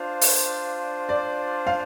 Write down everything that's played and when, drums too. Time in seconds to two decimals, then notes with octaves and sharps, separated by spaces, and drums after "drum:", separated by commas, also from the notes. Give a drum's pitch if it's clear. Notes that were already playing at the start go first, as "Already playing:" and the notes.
Already playing: D4 F4 C5 F5
0.21 drum: open hi-hat
1.09 D5
1.67 F5